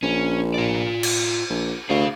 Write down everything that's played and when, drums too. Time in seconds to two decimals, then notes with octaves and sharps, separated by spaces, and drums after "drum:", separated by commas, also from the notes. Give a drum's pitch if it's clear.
0.03 A#1 C#4
0.54 F4 D5
1.03 drum: cymbal
1.50 A#1
1.89 D2 G#4 F5